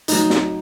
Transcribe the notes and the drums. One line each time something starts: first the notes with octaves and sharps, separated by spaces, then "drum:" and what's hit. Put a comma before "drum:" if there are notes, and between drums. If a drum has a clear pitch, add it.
A2 F#3 D#4, drum: hi-hat
drum: snare